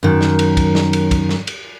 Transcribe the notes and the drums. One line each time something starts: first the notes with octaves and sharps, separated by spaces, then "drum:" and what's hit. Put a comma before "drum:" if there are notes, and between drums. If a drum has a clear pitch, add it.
F#2 D#3
drum: snare
drum: cymbal
drum: kick, cymbal
drum: snare
drum: cymbal
drum: kick, cymbal
drum: snare
drum: cymbal